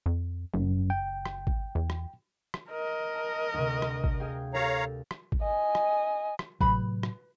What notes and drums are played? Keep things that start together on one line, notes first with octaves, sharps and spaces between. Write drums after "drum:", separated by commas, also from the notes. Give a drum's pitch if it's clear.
F2
F#1 F#2
G5
drum: rim click
drum: kick
E2
drum: rim click
drum: rim click
A#4 D#5
A5
D2 C3
drum: rim click
drum: kick
G#4 F5 G5
G4 A4 A#4 C#5 F5 A#5
drum: rim click
drum: kick
D#5 G#5
drum: rim click
drum: rim click
A2 C3 F#3 B4 B5, drum: kick
drum: rim click